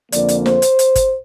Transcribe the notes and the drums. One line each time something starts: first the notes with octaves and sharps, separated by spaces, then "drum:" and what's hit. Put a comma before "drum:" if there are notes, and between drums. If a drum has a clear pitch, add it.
F2 D3 F3 A#3 D5, drum: hi-hat
drum: hi-hat
C5, drum: snare
drum: hi-hat
drum: hi-hat
drum: kick, hi-hat